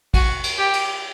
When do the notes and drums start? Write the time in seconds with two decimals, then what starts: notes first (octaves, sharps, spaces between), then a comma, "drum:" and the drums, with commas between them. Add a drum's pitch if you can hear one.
0.14 F#4, drum: kick, cymbal
0.44 drum: cymbal
0.58 G4
0.73 drum: cymbal